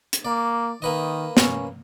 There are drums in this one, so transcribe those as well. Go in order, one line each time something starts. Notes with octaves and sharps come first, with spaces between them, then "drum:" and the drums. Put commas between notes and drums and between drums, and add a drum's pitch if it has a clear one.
drum: hi-hat
A#3 D5
D#3 A#3 B4 D#5
C#4, drum: snare